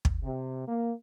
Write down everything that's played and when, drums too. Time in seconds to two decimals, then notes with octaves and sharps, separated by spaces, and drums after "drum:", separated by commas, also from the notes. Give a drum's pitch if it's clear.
0.05 drum: kick
0.23 C3
0.68 A#3